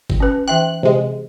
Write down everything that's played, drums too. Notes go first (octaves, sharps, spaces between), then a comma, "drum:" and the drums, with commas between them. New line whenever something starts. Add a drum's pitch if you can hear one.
drum: kick G1
C#4 B4
E3 E5 G5 F#6
C3 G#3